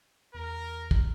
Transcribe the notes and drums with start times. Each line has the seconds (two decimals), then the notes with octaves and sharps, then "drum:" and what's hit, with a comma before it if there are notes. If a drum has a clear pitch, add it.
0.34 E2 A#4
0.91 drum: kick